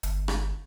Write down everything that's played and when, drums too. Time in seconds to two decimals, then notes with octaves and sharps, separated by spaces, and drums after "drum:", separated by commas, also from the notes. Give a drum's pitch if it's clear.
0.03 G1, drum: hi-hat
0.28 drum: rim click